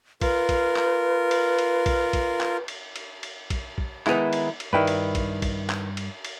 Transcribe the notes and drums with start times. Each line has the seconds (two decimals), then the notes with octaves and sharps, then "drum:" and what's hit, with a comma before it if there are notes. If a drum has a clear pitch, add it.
0.21 F4 A#4 B4, drum: kick, cymbal
0.49 drum: kick, cymbal
0.76 drum: clap
1.31 drum: cymbal
1.59 drum: cymbal
1.86 drum: kick, cymbal
2.13 drum: kick, cymbal
2.41 drum: clap
2.68 drum: cymbal
2.96 drum: cymbal
3.23 drum: cymbal
3.50 drum: kick, cymbal
3.78 drum: kick
4.07 D#3 G#3 B3 D#4 E4, drum: clap
4.33 drum: cymbal
4.60 drum: cymbal
4.73 G2 D#3 E4 B4 G5
4.87 drum: cymbal
5.15 drum: kick, cymbal
5.42 drum: kick, cymbal
5.70 drum: clap
5.97 drum: cymbal
6.25 drum: cymbal